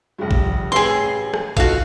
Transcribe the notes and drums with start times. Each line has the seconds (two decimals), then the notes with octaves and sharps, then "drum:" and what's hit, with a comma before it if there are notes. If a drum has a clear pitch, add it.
0.18 F1 G2
0.31 drum: kick
0.72 A1 G#4 B4 C6 E6
1.34 drum: rim click
1.57 D#4 F4 F#4 A4 F5, drum: kick